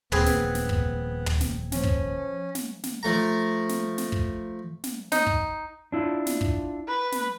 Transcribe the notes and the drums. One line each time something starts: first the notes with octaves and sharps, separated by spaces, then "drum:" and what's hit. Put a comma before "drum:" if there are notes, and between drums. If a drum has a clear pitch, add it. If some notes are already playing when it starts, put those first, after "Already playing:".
D#1 A#1 B3 C4 G#4 B4, drum: tom
drum: snare
drum: snare
drum: kick
drum: tom
drum: snare
F3 C#4, drum: snare
drum: kick
drum: snare
drum: snare
F3 A3 A#5
drum: snare
drum: snare
drum: kick
drum: snare
D#4, drum: snare
drum: kick
D4 E4 F4
drum: snare
drum: kick
B4
drum: snare